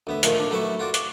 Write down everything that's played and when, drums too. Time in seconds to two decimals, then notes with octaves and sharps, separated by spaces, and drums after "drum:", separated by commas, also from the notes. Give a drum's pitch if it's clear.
0.07 D2 B3 E5
0.23 A#2 D#3 F3 A3 A#4, drum: hi-hat
0.39 D4
0.51 F#3 A3 E4 B4 A5 C#6
0.79 F4 F#4 D5
0.94 D6, drum: hi-hat